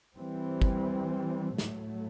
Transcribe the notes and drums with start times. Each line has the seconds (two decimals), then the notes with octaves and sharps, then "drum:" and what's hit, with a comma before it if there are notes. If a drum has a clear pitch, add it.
0.16 E3 G3 C4
0.62 drum: kick
1.58 A2 F#3 A3, drum: snare